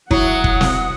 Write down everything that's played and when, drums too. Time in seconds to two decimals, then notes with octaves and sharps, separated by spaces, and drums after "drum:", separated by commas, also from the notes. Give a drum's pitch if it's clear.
0.11 F#3 E4 F#5 D#6, drum: kick
0.44 drum: kick
0.61 drum: snare